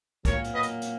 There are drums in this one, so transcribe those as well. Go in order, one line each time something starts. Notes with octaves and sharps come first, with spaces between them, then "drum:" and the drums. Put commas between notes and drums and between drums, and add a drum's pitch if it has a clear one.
A#2 F#3 A#3 A#4 C#5, drum: kick B1, hi-hat
drum: hi-hat
B4 D#5
drum: hi-hat
drum: hi-hat